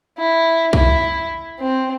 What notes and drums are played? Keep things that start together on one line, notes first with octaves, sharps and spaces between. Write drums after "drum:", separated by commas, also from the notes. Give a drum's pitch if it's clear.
E4
E4, drum: kick
C4